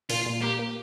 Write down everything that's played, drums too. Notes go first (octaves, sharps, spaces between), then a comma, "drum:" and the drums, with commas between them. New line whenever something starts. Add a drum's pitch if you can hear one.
A#2 F4, drum: open hi-hat
A#2
A#3 G4
A#3